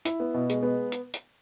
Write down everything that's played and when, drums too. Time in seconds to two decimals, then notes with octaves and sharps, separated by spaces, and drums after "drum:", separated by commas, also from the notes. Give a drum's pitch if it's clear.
0.05 E4, drum: hi-hat
0.20 B3
0.34 B2
0.49 G#3, drum: hi-hat
0.63 B3
0.92 drum: hi-hat
1.14 drum: hi-hat